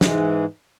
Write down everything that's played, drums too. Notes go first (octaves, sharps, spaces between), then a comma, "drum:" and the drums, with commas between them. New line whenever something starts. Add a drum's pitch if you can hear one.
G#2 E3 G#3, drum: snare